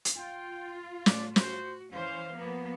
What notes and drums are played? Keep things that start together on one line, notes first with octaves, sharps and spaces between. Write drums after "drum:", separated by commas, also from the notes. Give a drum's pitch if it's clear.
drum: hi-hat
F4 G5
A2 A3 D5, drum: snare
F#4 C5, drum: snare
E3 C#4 C5 F5
F3 A#3 B3